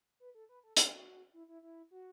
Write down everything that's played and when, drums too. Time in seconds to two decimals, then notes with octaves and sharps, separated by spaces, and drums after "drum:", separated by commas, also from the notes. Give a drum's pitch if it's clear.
0.20 B4
0.35 A4
0.49 B4
0.64 A4
0.77 G4, drum: hi-hat
0.92 F#4
1.33 E4
1.48 E4
1.62 E4
1.91 F#4